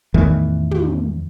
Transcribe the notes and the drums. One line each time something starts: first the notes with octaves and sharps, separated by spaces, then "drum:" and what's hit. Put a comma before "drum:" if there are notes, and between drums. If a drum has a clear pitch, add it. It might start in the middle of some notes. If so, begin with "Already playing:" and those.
E2 A2 D#3 E3
drum: tom